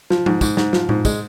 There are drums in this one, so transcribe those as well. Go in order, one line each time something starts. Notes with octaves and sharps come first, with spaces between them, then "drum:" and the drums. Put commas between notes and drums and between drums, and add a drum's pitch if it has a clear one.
F3, drum: snare
G#2, drum: tom F3
G#2, drum: kick, tambourine
G#2, drum: snare
F3, drum: snare
G#2, drum: tom A2
G#3, drum: kick, tambourine